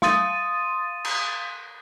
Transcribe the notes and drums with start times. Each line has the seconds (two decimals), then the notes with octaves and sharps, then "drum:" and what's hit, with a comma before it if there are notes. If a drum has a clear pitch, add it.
0.02 F5 C6 D#6 A6 D#7, drum: snare
1.05 drum: cymbal